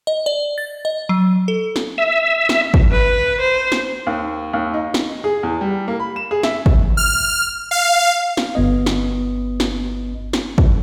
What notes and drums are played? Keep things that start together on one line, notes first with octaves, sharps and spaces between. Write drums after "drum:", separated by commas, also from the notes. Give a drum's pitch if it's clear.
D#5
D5
A6
D#5
F#3
A4
drum: snare
E5
drum: snare
drum: kick
B4
C5
drum: snare
D#2
D#2
D#4
drum: snare
G#4
E2
G3
A#3
B5
E7
G#4
E5, drum: snare
drum: kick
F6
F5
drum: snare
G1 B3 D#5
drum: snare
drum: snare
drum: snare
drum: kick